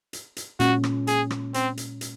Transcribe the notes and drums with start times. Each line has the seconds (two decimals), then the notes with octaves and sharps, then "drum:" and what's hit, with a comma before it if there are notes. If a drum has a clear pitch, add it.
0.13 drum: hi-hat
0.37 drum: hi-hat
0.60 A#2 G#3 C#4 F#4, drum: hi-hat
0.83 drum: rim click
1.07 G#4, drum: hi-hat
1.30 drum: rim click
1.54 C4, drum: hi-hat
1.77 drum: hi-hat
2.01 drum: hi-hat